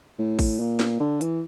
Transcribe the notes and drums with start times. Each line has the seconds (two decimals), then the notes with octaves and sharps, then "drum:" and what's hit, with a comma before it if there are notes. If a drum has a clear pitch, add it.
0.19 A2
0.39 drum: kick A1, open hi-hat
0.60 A#2
0.80 drum: snare
1.00 D3
1.21 E3, drum: hi-hat